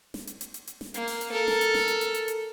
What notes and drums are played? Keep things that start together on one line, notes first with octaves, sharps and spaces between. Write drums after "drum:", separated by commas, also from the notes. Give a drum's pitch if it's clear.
drum: snare
drum: hi-hat
drum: hi-hat
drum: hi-hat
drum: hi-hat
drum: snare
A#3, drum: hi-hat
drum: open hi-hat
drum: hi-hat
A4 A#4
drum: snare
drum: hi-hat
drum: snare
drum: hi-hat
drum: hi-hat
drum: hi-hat
drum: hi-hat